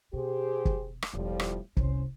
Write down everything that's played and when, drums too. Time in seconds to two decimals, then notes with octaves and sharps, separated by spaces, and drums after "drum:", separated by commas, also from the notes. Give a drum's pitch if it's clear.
0.13 B2 G4 G#4 C5
0.65 drum: kick
1.02 drum: rim click
1.14 E1 A2 F3 G3
1.40 drum: rim click
1.77 C2 C#4 C5, drum: kick